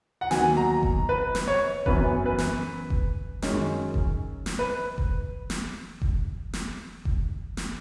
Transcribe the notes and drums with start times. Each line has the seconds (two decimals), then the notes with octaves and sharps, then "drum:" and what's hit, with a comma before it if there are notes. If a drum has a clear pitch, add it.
0.21 F#5
0.31 D#2 D#3 F#3 B3 G#5, drum: snare
0.57 A#5
0.83 drum: kick F1
1.09 B4
1.35 drum: snare
1.48 C#5
1.86 F#2 E3 B3 B4, drum: kick F1
2.26 B4
2.38 drum: snare
2.90 drum: kick F1
3.42 F#2 D#3 G#3 C#4, drum: snare
3.94 drum: kick F1
4.46 drum: snare
4.59 B4
4.98 drum: kick F1
5.50 drum: snare
6.02 drum: kick F1
6.53 drum: snare
7.05 drum: kick F1
7.57 drum: snare